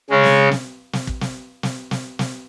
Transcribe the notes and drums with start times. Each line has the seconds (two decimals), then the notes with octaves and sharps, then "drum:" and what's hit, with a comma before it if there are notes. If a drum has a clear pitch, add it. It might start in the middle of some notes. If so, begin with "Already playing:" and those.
0.10 C#3 G#3 C#4
0.24 drum: snare
0.51 drum: snare
0.93 drum: snare
1.07 drum: kick
1.21 drum: snare
1.63 drum: snare
1.91 drum: snare
2.19 drum: snare